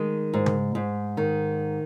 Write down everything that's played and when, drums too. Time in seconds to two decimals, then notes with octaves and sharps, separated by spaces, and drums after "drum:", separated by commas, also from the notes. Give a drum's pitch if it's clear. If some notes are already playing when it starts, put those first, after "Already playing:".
Already playing: D#3 G#3
0.34 G#2
0.46 drum: tom C#3
0.75 G#2
1.17 D#3